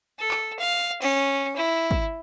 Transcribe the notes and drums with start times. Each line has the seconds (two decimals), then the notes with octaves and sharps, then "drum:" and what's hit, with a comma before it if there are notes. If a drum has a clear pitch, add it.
0.19 A4
0.31 drum: clap
0.59 F5
1.02 C#4, drum: cymbal
1.56 E4
1.91 drum: kick